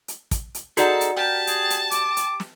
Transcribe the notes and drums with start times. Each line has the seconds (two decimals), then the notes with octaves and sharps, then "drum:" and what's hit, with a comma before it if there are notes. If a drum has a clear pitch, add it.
0.08 drum: hi-hat
0.31 drum: kick, hi-hat
0.55 drum: hi-hat
0.77 D#4 F#4 G#4 A4 D5 F#5 A5, drum: hi-hat
1.01 drum: hi-hat
1.17 G4 A#4 A5
1.47 G#4, drum: hi-hat
1.70 drum: hi-hat
1.91 D6, drum: hi-hat
2.17 drum: hi-hat
2.40 drum: snare